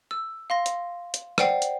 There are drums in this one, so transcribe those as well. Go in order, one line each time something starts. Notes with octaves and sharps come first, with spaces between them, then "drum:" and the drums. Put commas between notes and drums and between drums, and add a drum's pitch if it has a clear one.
E6
F5 C6 A#6
drum: hi-hat
drum: hi-hat
C5 D5 F#5 G5 C7, drum: rim click
drum: hi-hat